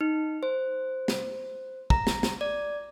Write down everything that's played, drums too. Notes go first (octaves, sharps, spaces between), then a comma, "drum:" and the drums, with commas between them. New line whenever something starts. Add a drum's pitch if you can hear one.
D#4
C5
drum: snare
A#5, drum: kick
drum: snare
drum: snare
D5